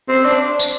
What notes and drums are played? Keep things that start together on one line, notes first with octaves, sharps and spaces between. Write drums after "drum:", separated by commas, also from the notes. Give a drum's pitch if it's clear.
C4
D4
drum: tambourine